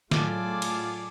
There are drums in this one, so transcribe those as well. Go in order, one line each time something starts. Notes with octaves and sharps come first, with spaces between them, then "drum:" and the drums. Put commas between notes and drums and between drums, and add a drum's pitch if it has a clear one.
A2 F#3 A3 F4 G#4 A4 D5 D6, drum: snare
drum: cymbal